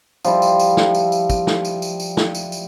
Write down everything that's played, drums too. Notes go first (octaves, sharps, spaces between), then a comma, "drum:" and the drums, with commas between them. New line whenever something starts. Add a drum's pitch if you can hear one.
F3 G3 E4, drum: tambourine
drum: tambourine
drum: tambourine
drum: snare
drum: tambourine
drum: tambourine
drum: kick, tambourine
drum: snare
drum: tambourine
drum: tambourine
drum: tambourine
drum: snare
drum: tambourine
drum: tambourine